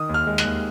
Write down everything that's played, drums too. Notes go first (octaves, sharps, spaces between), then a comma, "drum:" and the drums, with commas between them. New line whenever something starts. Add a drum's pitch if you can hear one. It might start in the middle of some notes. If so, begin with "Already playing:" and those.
Already playing: D#3 D#6
D#2
F6
G#3
F#6, drum: hi-hat
D#2